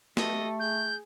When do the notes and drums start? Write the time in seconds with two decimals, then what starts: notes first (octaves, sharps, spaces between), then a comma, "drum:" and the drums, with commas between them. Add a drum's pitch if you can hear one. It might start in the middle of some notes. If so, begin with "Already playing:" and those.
0.17 A3 G4 A4 D#5, drum: snare
0.59 G#4 G6